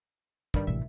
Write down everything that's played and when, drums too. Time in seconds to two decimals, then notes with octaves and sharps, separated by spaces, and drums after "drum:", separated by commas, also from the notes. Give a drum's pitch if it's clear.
0.54 G2 D#3 G3, drum: kick
0.67 A1 C3 E5